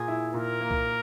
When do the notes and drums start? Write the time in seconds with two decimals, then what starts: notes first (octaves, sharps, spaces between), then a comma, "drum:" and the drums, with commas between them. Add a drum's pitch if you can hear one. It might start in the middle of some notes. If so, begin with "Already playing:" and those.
Already playing: A#2 G#4
0.08 E4
0.34 A#2 A#4
0.60 A#3
0.71 drum: kick B1